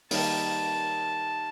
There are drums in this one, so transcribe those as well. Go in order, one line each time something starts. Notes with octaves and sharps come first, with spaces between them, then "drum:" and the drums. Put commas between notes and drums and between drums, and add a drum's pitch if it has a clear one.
D#3 G3 A#3 D#4 A5, drum: open hi-hat